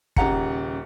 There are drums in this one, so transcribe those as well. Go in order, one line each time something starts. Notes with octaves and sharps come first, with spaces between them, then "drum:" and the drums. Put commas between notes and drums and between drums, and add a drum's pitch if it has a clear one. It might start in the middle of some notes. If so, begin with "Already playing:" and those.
D#1 C#3 G4 F#5 A#5 C#7, drum: kick